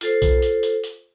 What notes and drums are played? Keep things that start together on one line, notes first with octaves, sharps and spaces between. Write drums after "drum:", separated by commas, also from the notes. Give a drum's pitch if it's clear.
F4 A4 C5, drum: hi-hat
drum: kick B1, hi-hat
drum: hi-hat
drum: hi-hat
drum: hi-hat